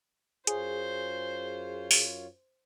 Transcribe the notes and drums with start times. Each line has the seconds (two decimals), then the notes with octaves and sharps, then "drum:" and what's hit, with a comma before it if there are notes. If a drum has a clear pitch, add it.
0.47 F#2 F4 G#4 C5 C#5, drum: hi-hat
1.91 drum: open hi-hat